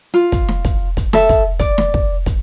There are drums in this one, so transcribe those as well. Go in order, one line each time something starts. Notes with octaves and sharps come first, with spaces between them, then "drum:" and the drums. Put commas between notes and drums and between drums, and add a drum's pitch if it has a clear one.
F4
drum: kick, hi-hat
drum: snare
drum: kick, hi-hat
drum: kick, hi-hat
A4 E5, drum: snare
drum: kick, hi-hat
D5, drum: kick, hi-hat
drum: snare
drum: kick
drum: kick, hi-hat